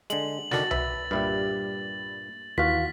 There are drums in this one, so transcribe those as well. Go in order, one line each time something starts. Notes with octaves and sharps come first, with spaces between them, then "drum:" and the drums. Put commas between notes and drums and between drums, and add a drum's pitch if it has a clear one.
D3 G#3 F#7, drum: hi-hat
D3 D#3 D4 F#4 A6 A#6, drum: snare
B4 E5 B5, drum: tom C2
G2 A#2 G3 G4 E5 B5
D#2 E3 F4 F#4 F5 B6